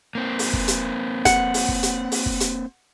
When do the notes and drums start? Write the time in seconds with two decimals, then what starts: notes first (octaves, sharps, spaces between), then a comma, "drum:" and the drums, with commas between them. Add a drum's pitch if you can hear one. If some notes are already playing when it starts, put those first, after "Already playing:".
0.15 A#3 C4
0.39 drum: open hi-hat
0.53 drum: kick
0.68 drum: hi-hat
1.25 F#5, drum: kick, hi-hat
1.54 drum: open hi-hat
1.68 drum: kick
1.83 drum: hi-hat
2.12 drum: open hi-hat
2.26 drum: kick
2.40 drum: hi-hat